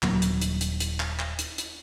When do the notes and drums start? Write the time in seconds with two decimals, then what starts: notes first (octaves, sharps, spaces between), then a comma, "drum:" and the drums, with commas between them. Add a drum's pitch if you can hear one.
0.03 D#1 F#3 A#3, drum: clap
0.22 drum: hi-hat
0.41 drum: hi-hat
0.61 drum: hi-hat
0.80 drum: hi-hat
1.00 drum: clap
1.19 drum: clap
1.39 drum: hi-hat
1.58 drum: hi-hat